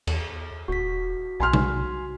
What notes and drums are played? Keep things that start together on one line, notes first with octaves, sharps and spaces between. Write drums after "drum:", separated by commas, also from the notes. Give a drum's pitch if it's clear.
E2, drum: cymbal
D#1 F#4 B6
B1 G#5 C6 F6
drum: tom C3